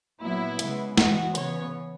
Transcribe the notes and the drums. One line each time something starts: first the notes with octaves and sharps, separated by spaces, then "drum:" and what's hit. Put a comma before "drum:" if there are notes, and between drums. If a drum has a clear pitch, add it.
A#2 F#3 B3 E4
C#3 G#3 B3, drum: hi-hat
E3 G#3 B3 F#4, drum: snare
C#3 E3 B3 C#5, drum: hi-hat